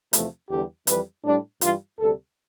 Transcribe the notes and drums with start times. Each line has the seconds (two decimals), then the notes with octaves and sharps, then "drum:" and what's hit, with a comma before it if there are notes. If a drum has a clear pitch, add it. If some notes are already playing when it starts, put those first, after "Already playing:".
0.13 E2 C3 F3 A3, drum: hi-hat
0.50 E2 D3 G3 G4
0.87 F2 E3 G3 B4, drum: hi-hat
1.25 A2 G3 D4
1.61 G2 E3 G3 F4, drum: hi-hat
1.98 D2 C3 G3 A4